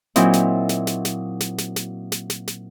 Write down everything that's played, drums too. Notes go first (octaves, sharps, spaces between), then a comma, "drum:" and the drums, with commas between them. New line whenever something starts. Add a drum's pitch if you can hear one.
A#2 F#3 C4 D#4 E4, drum: snare
drum: snare
drum: snare
drum: snare
drum: snare
drum: snare
drum: snare
drum: snare
drum: snare
drum: snare
drum: snare